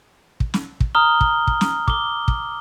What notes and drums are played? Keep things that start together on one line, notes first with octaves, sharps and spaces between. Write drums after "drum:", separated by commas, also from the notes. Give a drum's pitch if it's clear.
drum: kick
drum: snare
drum: kick
A#5 D#6 F6 G7
drum: kick
drum: kick
drum: snare
D6 G7, drum: kick
drum: kick